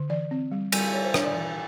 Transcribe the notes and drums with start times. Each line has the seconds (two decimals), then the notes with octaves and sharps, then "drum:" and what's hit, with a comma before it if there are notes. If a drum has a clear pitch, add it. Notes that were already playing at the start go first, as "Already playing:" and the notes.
Already playing: D3
0.10 E3 D5
0.31 C4
0.52 G3
0.72 G3, drum: cymbal
0.94 G3 C#5
1.04 C5
1.14 D4 C#5, drum: rim click
1.25 D5
1.35 E3